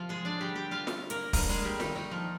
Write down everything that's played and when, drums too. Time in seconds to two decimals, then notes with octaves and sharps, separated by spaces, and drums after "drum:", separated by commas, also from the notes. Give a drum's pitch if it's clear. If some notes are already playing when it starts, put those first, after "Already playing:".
Already playing: C3 F3 F4
0.09 G#3 G#4
0.25 D4 D5
0.39 D3 G3 G4 G5
0.56 G4 G5
0.71 F4 F5
0.87 drum: snare
1.10 A#3 A#4, drum: hi-hat
1.33 D3 G3 A#3 A#4, drum: kick, open hi-hat
1.49 G#3 G#4
1.64 G3 G4
1.80 D#3 D#4, drum: snare
1.95 D#3 D#4
2.11 F3 F4